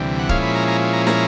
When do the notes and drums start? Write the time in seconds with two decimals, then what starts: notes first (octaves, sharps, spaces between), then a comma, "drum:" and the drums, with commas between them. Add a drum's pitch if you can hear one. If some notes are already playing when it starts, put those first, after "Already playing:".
Already playing: D2 C3 E3 G3
0.19 F#5
0.29 A#2 F3 G#3 C#4 E4 F5, drum: kick
0.42 B5
0.55 A#5
0.68 A#5
0.93 A#5
1.07 A#5, drum: snare